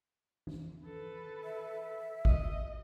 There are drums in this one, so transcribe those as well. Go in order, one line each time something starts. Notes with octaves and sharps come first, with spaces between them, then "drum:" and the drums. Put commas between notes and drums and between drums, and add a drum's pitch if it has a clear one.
drum: tom
A4 B4
E5
D#5, drum: kick G#1